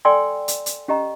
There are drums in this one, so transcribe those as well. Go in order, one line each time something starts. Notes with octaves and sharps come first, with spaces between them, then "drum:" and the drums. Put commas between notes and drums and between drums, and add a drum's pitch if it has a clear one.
A4 D5 G5 G#5 C6 E6
drum: hi-hat
drum: hi-hat
C#4 G4 D#5 A#5